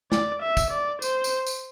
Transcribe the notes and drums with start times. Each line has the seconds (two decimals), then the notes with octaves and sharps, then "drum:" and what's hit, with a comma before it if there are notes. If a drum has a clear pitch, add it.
0.12 D5, drum: snare
0.42 E5
0.57 drum: kick, tambourine
0.71 D5
1.02 C5, drum: tambourine
1.24 drum: tambourine
1.47 drum: tambourine